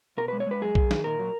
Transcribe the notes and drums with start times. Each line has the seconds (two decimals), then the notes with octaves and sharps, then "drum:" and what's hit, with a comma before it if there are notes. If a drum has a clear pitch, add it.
0.17 B2 A#4
0.28 G#3 B4
0.40 C#5
0.47 G#3 B4
0.61 F#2 G#4
0.75 F#2, drum: kick B1
0.91 D#3, drum: snare
1.04 A#2 A#4
1.19 F#3